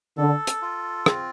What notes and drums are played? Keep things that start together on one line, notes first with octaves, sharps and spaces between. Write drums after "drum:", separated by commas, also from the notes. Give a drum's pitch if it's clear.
D3 A4
drum: hi-hat
F4
C4, drum: rim click